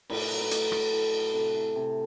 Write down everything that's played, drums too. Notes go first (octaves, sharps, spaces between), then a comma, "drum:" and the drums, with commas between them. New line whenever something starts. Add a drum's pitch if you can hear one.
A2 B4, drum: cymbal
F#3
B4
A2, drum: hi-hat
A3, drum: rim click
A2
F#3
C3 A4
E3
C3